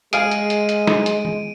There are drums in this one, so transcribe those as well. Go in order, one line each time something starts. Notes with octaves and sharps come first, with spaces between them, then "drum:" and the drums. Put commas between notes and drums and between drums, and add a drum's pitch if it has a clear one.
G#3 G#4 F5 G#5 D7 D#7, drum: hi-hat
drum: hi-hat
drum: hi-hat
drum: hi-hat
drum: snare
drum: hi-hat
drum: tom D#3